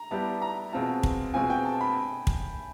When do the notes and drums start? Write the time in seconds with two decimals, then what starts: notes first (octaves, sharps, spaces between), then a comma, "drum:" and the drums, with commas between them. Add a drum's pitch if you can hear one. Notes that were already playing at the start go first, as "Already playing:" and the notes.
Already playing: A#5
0.11 G3 B3 E4 G4 A5
0.42 A#5
0.73 B2 G#3 C4 F4 A5
1.03 drum: kick
1.34 B2 G#3 C4 F4 G#5
1.50 G5
1.65 A5
1.81 B5
2.27 drum: kick